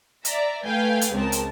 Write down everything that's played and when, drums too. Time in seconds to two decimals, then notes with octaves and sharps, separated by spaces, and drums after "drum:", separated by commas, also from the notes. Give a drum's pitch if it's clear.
0.25 D5 E5 A#5, drum: hi-hat
0.64 A3 B4 F5 G5 G#5
1.01 drum: hi-hat
1.13 C#2 C#3 C4 A#4 A5
1.32 drum: hi-hat